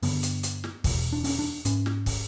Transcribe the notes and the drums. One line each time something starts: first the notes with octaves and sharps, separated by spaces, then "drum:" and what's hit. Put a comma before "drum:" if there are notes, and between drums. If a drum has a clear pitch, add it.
G2 D3 B3, drum: open hi-hat
drum: hi-hat
drum: hi-hat
drum: snare
E2 B2, drum: kick, open hi-hat
D4
C#4, drum: open hi-hat
D4
G#2 C#4, drum: hi-hat
drum: snare
drum: kick, open hi-hat